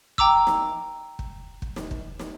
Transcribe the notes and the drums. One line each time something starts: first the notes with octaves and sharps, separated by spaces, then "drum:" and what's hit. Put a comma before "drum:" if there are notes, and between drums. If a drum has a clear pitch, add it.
G5 A#5 D6 E6, drum: kick
drum: snare
drum: kick
drum: kick
drum: snare
drum: kick
drum: snare